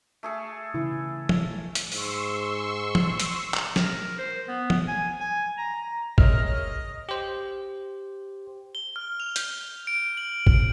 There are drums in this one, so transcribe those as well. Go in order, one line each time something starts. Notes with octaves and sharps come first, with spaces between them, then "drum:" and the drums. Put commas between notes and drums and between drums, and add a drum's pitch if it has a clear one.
A3 G#4 A4
C#3 E3 E4
drum: tom
drum: hi-hat
G#2 C6 C#6 E6, drum: open hi-hat
drum: tom
drum: hi-hat
drum: clap
A#4, drum: snare
C5
B3
drum: tom
G#5
G#5
A#5
G#3 A#4 C#5 D#5 E5 F6, drum: kick
G4 C5
G7
F6
F7
G6, drum: hi-hat
D7
F#7
D7, drum: kick